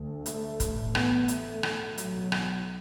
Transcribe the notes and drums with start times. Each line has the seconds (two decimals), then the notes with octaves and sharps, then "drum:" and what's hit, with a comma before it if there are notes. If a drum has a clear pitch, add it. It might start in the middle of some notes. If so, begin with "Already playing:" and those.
Already playing: D2
0.26 A3, drum: hi-hat
0.60 A1 A2, drum: kick, hi-hat
0.95 B3, drum: rim click
1.28 D2 A3, drum: hi-hat
1.63 drum: rim click
1.98 B1 B2 F#3, drum: hi-hat
2.32 drum: rim click